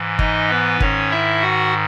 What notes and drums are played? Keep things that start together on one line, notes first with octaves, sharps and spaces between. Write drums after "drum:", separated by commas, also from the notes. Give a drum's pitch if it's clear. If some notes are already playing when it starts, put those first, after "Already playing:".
Already playing: G#2 E3
D#4 D#5, drum: kick G1
B3 B4
G#2 D#3 C#4 C#5, drum: kick G1
E4 E5
F#4 F#5